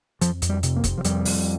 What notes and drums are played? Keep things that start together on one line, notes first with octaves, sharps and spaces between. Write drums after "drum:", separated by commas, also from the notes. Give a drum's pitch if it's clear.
F2 F3, drum: hi-hat
F2, drum: hi-hat
G3
C3, drum: hi-hat
A#3
C3, drum: kick F#1, hi-hat
F3
F2 G3, drum: hi-hat
F2, drum: open hi-hat